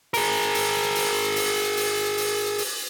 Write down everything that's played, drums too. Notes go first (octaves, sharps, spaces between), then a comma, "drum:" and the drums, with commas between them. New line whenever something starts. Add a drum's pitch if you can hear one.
G#4 A#4, drum: open hi-hat
drum: open hi-hat
drum: open hi-hat
drum: open hi-hat
drum: open hi-hat
drum: open hi-hat
drum: open hi-hat